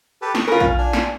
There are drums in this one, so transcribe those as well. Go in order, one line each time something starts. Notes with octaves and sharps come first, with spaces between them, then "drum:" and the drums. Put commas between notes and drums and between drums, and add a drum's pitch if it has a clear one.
G4 A4 B4
C#6 D#6, drum: snare
C#4 F4 A#4 B4
F4, drum: kick A#1
D4 G#5
drum: snare